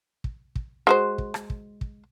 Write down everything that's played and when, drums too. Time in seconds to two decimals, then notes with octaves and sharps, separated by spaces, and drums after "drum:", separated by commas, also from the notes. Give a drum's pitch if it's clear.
0.24 drum: kick
0.56 drum: kick
0.87 G#3 F#4 C5
1.18 drum: kick
1.34 drum: rim click
1.50 drum: kick
1.81 drum: kick